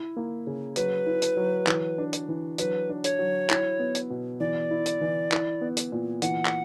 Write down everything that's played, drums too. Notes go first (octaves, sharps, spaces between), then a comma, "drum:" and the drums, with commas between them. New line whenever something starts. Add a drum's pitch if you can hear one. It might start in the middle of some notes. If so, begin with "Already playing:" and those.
Already playing: E4
A#3
C#3
F#3 B4, drum: hi-hat
E4
drum: hi-hat
F#3
E3, drum: clap
D4
drum: hi-hat
E3
F#3 B4, drum: hi-hat
D4
C#5, drum: hi-hat
F#3
E4, drum: clap
B3
drum: hi-hat
B2
E3 D5
E4
drum: hi-hat
E3
E4, drum: clap
B3
drum: hi-hat
A#2
E3 F#5, drum: hi-hat
drum: clap